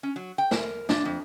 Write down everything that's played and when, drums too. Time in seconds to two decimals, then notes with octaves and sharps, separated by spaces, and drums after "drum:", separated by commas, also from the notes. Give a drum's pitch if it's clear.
0.03 C#4
0.16 F#3
0.38 G5
0.51 A#4, drum: snare
0.89 D4, drum: snare
1.05 F2